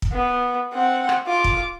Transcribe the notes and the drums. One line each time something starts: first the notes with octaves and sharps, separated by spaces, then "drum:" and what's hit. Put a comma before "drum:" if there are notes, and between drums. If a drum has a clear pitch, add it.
drum: kick
B3
C4 F#5
drum: rim click
F4 D6
drum: kick